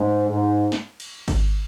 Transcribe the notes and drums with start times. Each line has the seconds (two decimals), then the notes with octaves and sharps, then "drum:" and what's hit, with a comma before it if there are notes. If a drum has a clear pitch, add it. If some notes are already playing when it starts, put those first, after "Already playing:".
Already playing: G#2
0.29 G#2
0.72 drum: snare
1.00 drum: cymbal
1.28 drum: kick G#1, cymbal